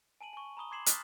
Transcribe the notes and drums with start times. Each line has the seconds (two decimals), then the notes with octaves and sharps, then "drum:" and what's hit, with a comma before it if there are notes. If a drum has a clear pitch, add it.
0.21 G#5 A5 D#7 F#7
0.33 G#5 C#6
0.57 A#5 B5 D#6 G7
0.71 C6 D6 G#6 C7 E7 F#7
0.86 D#6 F6 F#6 A6 B6, drum: hi-hat